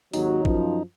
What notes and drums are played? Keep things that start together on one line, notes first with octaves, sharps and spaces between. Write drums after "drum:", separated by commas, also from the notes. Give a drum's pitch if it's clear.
G#1 D#2 F#3 D#4, drum: open hi-hat
F#2 F3, drum: kick A1